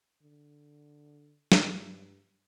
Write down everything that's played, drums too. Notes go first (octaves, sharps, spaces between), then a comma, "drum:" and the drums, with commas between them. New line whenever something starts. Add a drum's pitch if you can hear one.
D3
G2, drum: snare